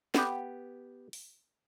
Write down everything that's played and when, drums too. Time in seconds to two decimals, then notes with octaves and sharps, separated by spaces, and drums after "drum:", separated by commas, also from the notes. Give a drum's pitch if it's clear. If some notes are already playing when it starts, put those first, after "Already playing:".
0.15 B3 G4, drum: snare
1.13 drum: open hi-hat